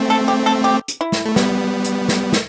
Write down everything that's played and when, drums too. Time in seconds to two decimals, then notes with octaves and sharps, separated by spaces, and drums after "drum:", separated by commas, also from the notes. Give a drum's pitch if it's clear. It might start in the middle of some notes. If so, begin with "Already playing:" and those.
Already playing: A3 C4
0.10 A4
0.28 G4
0.46 A4
0.64 G4
0.88 drum: hi-hat
1.01 E4
1.12 drum: snare
1.26 A3
1.36 G3 B3, drum: snare
1.84 drum: hi-hat
2.09 drum: snare
2.33 drum: snare